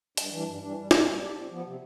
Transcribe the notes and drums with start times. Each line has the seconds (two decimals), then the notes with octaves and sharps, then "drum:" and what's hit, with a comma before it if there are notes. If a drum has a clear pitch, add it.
0.17 G2, drum: hi-hat
0.32 E3 G3 D4
0.46 G2
0.61 E3 G3 D4
0.77 G3
0.91 D4 G4 D5, drum: snare
1.06 G3
1.20 D4 G4 D5
1.35 C3
1.50 F3 B3
1.65 C3